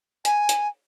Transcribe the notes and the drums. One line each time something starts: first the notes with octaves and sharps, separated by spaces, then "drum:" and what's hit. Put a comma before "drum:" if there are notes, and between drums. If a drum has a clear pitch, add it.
G#5, drum: hi-hat
drum: hi-hat